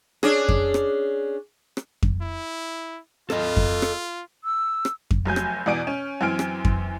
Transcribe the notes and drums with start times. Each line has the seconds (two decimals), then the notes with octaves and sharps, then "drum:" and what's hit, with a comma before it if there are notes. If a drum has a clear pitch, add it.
0.23 C#4 D4 G#4, drum: rim click
0.48 drum: kick F2
0.74 drum: rim click
1.77 drum: rim click
2.03 drum: kick F2
2.22 E4
3.30 F4 A4 D#5, drum: rim click
3.57 drum: kick F2
3.82 drum: rim click
4.44 E6
4.85 drum: rim click
5.11 drum: kick F2
5.25 F1 F#3 G#5 G6
5.36 drum: rim click
5.66 E2 B2 B3 D5 G#5 D7
5.87 C#4
6.21 F#2 E3 C4 G#5 F6 D7
6.39 drum: rim click
6.65 drum: kick F2